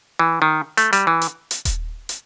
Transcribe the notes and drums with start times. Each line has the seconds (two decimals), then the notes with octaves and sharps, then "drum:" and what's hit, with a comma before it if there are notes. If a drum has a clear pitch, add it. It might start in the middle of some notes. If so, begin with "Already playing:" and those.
0.19 E3
0.42 D#3
0.77 A3, drum: hi-hat
0.93 G3, drum: hi-hat
1.07 E3
1.22 drum: hi-hat
1.51 drum: hi-hat
1.65 drum: kick D#1, hi-hat
2.09 drum: hi-hat